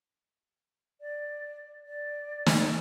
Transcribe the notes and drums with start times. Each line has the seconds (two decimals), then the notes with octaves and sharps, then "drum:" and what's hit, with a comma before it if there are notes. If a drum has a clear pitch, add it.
1.01 D5
1.86 D5
2.46 drum: snare